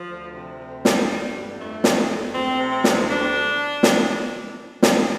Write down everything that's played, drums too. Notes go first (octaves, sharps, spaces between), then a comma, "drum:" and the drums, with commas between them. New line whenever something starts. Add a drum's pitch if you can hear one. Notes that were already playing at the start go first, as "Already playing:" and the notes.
Already playing: F3
D2
C3
D2
G2 G3, drum: snare
D3
G2
F2 A3
D3, drum: snare
F2
D2 C4
C3
C4
D2, drum: snare
D4
drum: snare
drum: snare